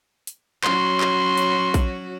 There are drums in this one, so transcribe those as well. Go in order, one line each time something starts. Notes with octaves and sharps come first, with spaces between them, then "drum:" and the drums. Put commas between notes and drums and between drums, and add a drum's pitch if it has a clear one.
drum: hi-hat
F#3 C#4 F#4 C6, drum: clap
drum: clap
drum: hi-hat
drum: kick A#1, hi-hat